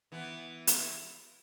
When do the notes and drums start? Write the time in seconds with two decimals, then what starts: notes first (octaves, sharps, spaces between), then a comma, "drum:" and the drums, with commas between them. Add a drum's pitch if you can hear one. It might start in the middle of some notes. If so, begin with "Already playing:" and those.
0.12 E3 B3
0.67 drum: hi-hat